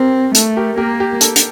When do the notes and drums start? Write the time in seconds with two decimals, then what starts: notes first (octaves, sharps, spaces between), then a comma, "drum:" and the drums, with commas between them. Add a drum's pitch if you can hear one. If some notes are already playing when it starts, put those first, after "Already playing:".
Already playing: C4 G4 A#4
0.35 A3 A4, drum: hi-hat
0.57 G4 A#4
0.77 A#3 G4 A#4
1.00 G4
1.21 A4, drum: hi-hat
1.36 drum: hi-hat